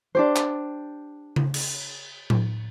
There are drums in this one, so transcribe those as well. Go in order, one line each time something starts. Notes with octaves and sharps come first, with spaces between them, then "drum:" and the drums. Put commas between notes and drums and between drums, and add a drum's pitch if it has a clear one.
D4 G4 C5
drum: clap
drum: tom C#3
drum: cymbal
drum: tom A2